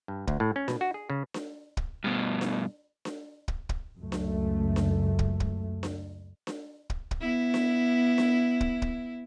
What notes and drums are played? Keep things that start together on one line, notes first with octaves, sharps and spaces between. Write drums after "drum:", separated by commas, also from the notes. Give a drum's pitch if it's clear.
G2
D2, drum: kick
A2
C#4
B2, drum: snare D4
F#4
G#4
C#3
drum: snare D4
drum: kick
G2 B2
drum: snare D4
drum: snare D4
drum: kick
drum: kick
C#2 F#2 A3
drum: snare D4
drum: snare D4
drum: kick
drum: kick
drum: snare D4
drum: snare D4
drum: kick
drum: kick
B3 E4
drum: snare D4
drum: snare D4
drum: kick
drum: kick